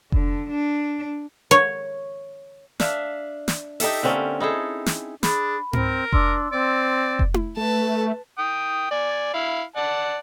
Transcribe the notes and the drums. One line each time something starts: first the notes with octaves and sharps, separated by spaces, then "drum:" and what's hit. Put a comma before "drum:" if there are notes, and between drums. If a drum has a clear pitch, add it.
D3, drum: kick F1
D4
C#5
D4 E5 F5, drum: snare
drum: snare
D#4 G4 A4 E5, drum: open hi-hat
D3 A#3 C4 C#4
D#4 E4 G#4 A4
drum: snare
D4 G#4 B5, drum: snare
C4 A#4, drum: tom G#2
D4 C6 E6, drum: kick F1
C4 D5
drum: kick F1
drum: tom E4
A3 B4 A5
G5 D#6
D5 G#5
E4 F5
D5 F#5 A5